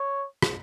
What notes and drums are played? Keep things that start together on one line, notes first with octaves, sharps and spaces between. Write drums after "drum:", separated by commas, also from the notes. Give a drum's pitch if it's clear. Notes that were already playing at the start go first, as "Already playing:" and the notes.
Already playing: C#5
drum: rim click